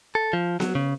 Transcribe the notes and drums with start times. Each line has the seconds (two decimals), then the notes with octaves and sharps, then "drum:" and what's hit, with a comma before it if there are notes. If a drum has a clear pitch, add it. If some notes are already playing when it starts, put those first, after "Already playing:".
0.15 A4
0.33 F3
0.60 F#3, drum: snare B3
0.75 C#3